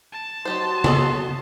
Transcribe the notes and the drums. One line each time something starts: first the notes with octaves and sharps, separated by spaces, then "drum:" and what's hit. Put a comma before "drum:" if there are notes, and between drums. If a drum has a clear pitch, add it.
A5
F#3 D#4 G4 C5 C6
G#4 A4 D#5, drum: tom C#3